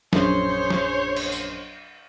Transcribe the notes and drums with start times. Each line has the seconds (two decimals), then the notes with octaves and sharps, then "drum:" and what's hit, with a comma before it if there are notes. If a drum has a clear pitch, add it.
0.13 A#1 F#2 C5 C#5, drum: snare
0.70 drum: snare
1.16 drum: cymbal
1.32 drum: tambourine